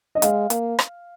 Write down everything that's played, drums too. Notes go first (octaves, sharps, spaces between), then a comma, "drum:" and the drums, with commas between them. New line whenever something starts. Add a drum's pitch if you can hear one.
D#5
G#3 F5, drum: hi-hat
A#3, drum: hi-hat
drum: rim click